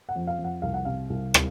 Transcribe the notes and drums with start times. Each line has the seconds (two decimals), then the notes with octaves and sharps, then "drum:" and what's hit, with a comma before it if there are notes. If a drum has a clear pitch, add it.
0.09 F#5
0.16 F2
0.27 F5
0.39 F2
0.44 F#5
0.62 C2 F5
0.74 F#5
0.85 C3 F5
1.10 C2
1.34 drum: rim click